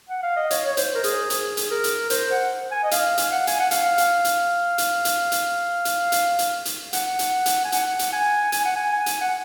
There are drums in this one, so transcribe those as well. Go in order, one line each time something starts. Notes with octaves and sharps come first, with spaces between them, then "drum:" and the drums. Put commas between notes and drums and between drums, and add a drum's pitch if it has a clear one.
F#5
F5
D#5
C#5, drum: hi-hat
C#5
C5, drum: hi-hat
A#4
G#4, drum: hi-hat
G#4, drum: hi-hat
drum: hi-hat
A#4
drum: hi-hat
C5, drum: hi-hat
F#5
G#5
D#5
F5, drum: hi-hat
drum: hi-hat
F#5
G#5, drum: hi-hat
F#5
F5, drum: hi-hat
drum: hi-hat
drum: hi-hat
drum: hi-hat
drum: hi-hat
drum: hi-hat
drum: hi-hat
drum: hi-hat
drum: hi-hat
drum: hi-hat
F#5, drum: hi-hat
drum: hi-hat
drum: hi-hat
G#5
F#5, drum: hi-hat
drum: hi-hat
G#5
G#5, drum: hi-hat
F#5
G#5
G#5
drum: hi-hat
F#5